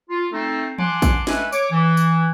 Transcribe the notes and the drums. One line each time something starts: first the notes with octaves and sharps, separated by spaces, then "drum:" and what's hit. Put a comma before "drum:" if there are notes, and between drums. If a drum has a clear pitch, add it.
F4
A3 C4 D#4 A4
F#5 G#5 A5 C6 D6, drum: tom E3
drum: kick, tambourine
G#3 A3 A4 B4 G#5, drum: snare
C#5 D6, drum: tambourine
E3
drum: tambourine